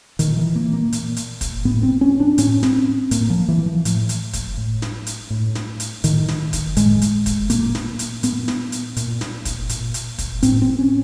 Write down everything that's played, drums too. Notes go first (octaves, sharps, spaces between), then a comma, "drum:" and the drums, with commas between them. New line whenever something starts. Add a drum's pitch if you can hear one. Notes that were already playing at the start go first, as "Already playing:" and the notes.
A#2 D#3, drum: hi-hat
E3
A#3
A#3
A#2, drum: hi-hat
drum: hi-hat
drum: kick, hi-hat
A2 B3
C4
C#4
D4
A2 C#4, drum: hi-hat
C4, drum: snare
A2 A#3, drum: hi-hat
F3
E3
F3
A2, drum: hi-hat
drum: hi-hat
drum: kick, hi-hat
A2
drum: snare
drum: hi-hat
A2
drum: snare
drum: hi-hat
A2 D#3, drum: hi-hat
drum: snare
drum: kick, hi-hat
A2 G#3, drum: hi-hat
drum: hi-hat
drum: kick, hi-hat
A#2 A#3, drum: hi-hat
drum: snare
drum: hi-hat
A#2 B3, drum: hi-hat
drum: snare
drum: hi-hat
A#2, drum: hi-hat
drum: snare
drum: kick, hi-hat
A#2, drum: hi-hat
drum: hi-hat
drum: kick, hi-hat
A2 C4, drum: hi-hat
C4
C#4